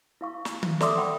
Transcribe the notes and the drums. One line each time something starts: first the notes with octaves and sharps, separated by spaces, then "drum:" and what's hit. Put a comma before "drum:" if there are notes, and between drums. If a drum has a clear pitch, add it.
E4 F5 C#6
drum: snare
drum: tom D#3
A4 D5 E5 C6 D6 D#6, drum: snare
F#5 G5 B5 C6